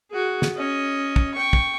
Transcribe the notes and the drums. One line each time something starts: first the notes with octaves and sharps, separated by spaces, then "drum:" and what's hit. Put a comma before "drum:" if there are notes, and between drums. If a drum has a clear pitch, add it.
F#4 G#4
drum: snare
C#4 D#5
drum: kick
G5 C#6
drum: kick